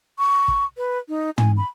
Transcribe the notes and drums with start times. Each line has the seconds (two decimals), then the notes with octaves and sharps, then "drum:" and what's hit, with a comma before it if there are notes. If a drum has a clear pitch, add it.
0.19 C#6
0.48 drum: kick
0.77 B4
1.09 D#4
1.38 G#5, drum: tom
1.57 B5